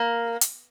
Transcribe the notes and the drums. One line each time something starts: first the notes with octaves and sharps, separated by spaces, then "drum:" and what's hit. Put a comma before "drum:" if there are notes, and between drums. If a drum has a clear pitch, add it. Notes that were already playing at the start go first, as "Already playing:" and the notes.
Already playing: A#3
drum: hi-hat